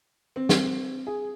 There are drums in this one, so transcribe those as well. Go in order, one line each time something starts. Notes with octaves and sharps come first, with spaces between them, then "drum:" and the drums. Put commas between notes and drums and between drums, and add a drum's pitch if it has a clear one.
C4
drum: snare
G#4